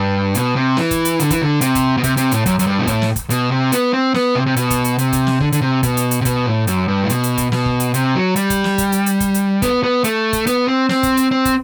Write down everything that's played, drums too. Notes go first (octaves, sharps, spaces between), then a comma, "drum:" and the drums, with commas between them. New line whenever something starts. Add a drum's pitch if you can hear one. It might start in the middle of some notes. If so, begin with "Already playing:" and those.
Already playing: G2
B2, drum: hi-hat
C3
E3, drum: snare
drum: kick, hi-hat
drum: hi-hat
D3, drum: hi-hat
E3, drum: kick, hi-hat
D3
C3, drum: hi-hat
drum: kick, hi-hat
B2
C3, drum: kick, hi-hat
C3, drum: hi-hat
A2, drum: hi-hat
F#2, drum: kick, hi-hat
F#2, drum: hi-hat
G2
B2
A2, drum: kick, hi-hat
drum: snare
drum: kick, hi-hat
B2, drum: hi-hat
C3
B3, drum: hi-hat
C4
B3, drum: snare
C3
C3
B2, drum: hi-hat
drum: kick, hi-hat
drum: hi-hat
C3, drum: hi-hat
drum: kick, hi-hat
drum: snare
D3, drum: kick
D3, drum: hi-hat
C3
B2, drum: kick, hi-hat
drum: hi-hat
drum: hi-hat
C3
B2, drum: kick, hi-hat
A2
F#2, drum: hi-hat
G2
A2
B2, drum: hi-hat
drum: hi-hat
drum: kick, hi-hat
B2, drum: snare
drum: kick
drum: hi-hat
C3, drum: hi-hat
F#3
G3, drum: hi-hat
drum: kick, hi-hat
drum: snare
drum: kick, hi-hat
drum: hi-hat
drum: hi-hat
drum: kick, hi-hat
drum: hi-hat
B3, drum: kick, hi-hat
B3
A3, drum: hi-hat
drum: kick, hi-hat
B3, drum: hi-hat
C4
C4, drum: snare
drum: kick, hi-hat
drum: hi-hat
C4
drum: kick, hi-hat